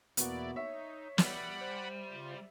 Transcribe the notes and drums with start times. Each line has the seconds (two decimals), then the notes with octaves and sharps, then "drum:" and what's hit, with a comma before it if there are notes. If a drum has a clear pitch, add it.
0.17 E2 B2 A#3 B3 E4 F#4 D5, drum: hi-hat
0.56 D#4 C#5 E5
1.18 G3 D5 F#5 B5, drum: snare
1.61 C5
2.11 C#3 F4